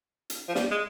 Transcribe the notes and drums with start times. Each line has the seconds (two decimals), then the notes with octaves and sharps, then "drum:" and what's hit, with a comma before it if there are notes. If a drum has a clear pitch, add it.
0.30 drum: hi-hat
0.49 F3
0.55 G3, drum: snare
0.71 G#3